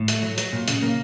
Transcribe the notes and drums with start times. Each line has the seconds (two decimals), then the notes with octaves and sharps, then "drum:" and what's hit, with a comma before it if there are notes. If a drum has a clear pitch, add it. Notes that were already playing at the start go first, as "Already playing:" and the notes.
Already playing: A2
0.08 A3, drum: hi-hat
0.23 F#3
0.38 F#3, drum: hi-hat
0.53 A#2
0.68 C#3, drum: hi-hat
0.82 A#3